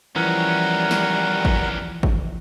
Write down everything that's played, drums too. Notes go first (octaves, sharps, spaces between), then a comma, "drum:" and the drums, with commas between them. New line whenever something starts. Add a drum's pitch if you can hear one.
E2 E3 F3 G3 C#4 A#4 F#5
drum: snare
drum: kick
drum: kick